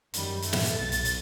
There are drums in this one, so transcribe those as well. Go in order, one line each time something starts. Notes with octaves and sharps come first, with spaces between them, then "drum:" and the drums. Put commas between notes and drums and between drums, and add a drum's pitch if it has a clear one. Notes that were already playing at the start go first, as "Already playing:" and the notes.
F#2 D#3 G3, drum: hi-hat
A3, drum: hi-hat
drum: snare
drum: hi-hat
B1 A6
drum: hi-hat
drum: hi-hat